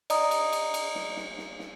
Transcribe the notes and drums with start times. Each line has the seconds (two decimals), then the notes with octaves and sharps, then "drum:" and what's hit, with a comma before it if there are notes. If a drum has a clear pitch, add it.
0.10 D5 D#5 A#5 D#6, drum: cymbal
0.31 drum: cymbal
0.52 drum: cymbal
0.74 drum: cymbal
0.95 drum: snare
1.17 drum: snare
1.38 drum: snare
1.59 drum: snare